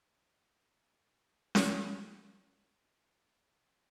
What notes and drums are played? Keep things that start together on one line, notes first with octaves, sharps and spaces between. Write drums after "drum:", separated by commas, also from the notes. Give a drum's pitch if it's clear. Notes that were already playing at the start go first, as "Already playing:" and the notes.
Already playing: C4
D3 G3 A#3
A#4
F3 A#3 D4
drum: snare C#4
D#3 G3 D4
G#4
G4
D#3 A#3 D4 G#4
D#3 A#3 D4 A#4